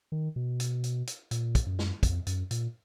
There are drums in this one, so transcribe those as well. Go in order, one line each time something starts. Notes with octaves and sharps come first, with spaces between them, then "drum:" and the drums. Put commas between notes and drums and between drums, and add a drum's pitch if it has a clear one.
D#3
B2
drum: hi-hat
drum: hi-hat
drum: hi-hat
A#2, drum: hi-hat
drum: kick, hi-hat
F#2
drum: snare
F2, drum: kick, hi-hat
F#2, drum: hi-hat
A#2, drum: hi-hat